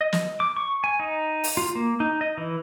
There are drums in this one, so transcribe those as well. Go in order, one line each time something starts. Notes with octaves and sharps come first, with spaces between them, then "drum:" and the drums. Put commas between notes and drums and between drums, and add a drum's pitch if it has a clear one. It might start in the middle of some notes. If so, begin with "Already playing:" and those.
D#5
drum: snare
D6
C#6
G#5
D#4
drum: open hi-hat
F4
A#3
D#4
D#5
E3